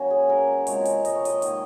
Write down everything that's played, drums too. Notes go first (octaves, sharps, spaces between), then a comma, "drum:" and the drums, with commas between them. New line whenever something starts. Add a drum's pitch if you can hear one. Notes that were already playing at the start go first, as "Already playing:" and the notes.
Already playing: C#3 F#3 A#3 C#4 F#4
G#4
A#4
C5
C3 F3 G#3 C#5, drum: hi-hat
drum: hi-hat
D#5, drum: hi-hat
C#5
D#5, drum: hi-hat
D#3 A#3, drum: hi-hat